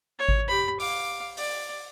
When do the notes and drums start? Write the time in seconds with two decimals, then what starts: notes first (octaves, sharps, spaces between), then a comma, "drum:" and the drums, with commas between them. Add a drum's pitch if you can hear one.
0.19 C#5
0.28 drum: kick G#1
0.48 G4 B5
0.80 F5 D6, drum: open hi-hat
1.37 D5, drum: open hi-hat